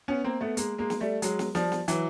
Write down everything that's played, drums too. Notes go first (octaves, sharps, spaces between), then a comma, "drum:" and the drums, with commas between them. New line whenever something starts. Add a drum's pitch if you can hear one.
B3 C#4
A#3 C4
A3 B3
G#3 A#3, drum: hi-hat
G#3 A#3
drum: snare
G3 A3
F#3 G#3, drum: hi-hat
drum: snare
F3 G3, drum: snare
drum: snare
E3 F#3, drum: hi-hat